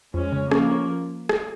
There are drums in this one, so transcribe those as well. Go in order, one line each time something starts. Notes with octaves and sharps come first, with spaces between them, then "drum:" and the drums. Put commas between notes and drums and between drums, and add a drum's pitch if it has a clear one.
F2 G#3 C#4
C#3
F3 A#3 C#4, drum: rim click
C#4
drum: rim click